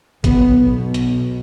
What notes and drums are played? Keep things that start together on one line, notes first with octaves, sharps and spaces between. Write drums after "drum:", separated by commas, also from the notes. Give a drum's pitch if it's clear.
B1 B2 B3, drum: kick, hi-hat
drum: hi-hat